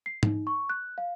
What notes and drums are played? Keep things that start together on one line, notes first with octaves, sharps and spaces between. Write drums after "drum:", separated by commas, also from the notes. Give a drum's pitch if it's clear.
C7
D#4, drum: tom G#2
C#6
F#6
F5